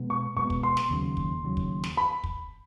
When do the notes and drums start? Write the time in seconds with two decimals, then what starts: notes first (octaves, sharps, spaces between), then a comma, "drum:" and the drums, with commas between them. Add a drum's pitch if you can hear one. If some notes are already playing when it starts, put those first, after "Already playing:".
Already playing: B2 G#3 B3
0.10 C#6
0.37 B2 G#3 B3 C#6
0.50 drum: kick
0.63 C6
0.77 drum: snare
0.90 D#2 C#3 F#3
1.17 drum: kick
1.44 D#2 C#3 F#3
1.57 drum: kick
1.84 drum: snare
1.97 B5
2.24 drum: kick